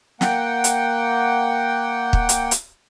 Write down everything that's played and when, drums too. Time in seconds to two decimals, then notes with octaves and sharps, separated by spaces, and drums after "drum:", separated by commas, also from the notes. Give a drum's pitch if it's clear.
0.21 A#3 F#5 G5, drum: snare
0.64 drum: hi-hat
2.13 drum: kick
2.29 drum: hi-hat
2.51 drum: hi-hat